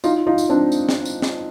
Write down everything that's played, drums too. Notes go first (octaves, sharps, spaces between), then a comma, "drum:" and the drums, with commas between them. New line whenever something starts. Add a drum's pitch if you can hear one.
D#4 F4, drum: tambourine
D#4 F4
drum: tambourine
C4 D4
drum: tambourine
drum: snare
drum: tambourine
drum: snare